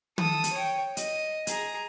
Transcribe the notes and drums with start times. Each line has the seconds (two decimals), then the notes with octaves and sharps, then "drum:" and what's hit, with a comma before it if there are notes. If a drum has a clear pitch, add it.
0.18 A4 D#6, drum: tom
0.44 drum: hi-hat
0.53 C#5 G5
0.97 D#5, drum: hi-hat
1.47 G#4 A#5, drum: hi-hat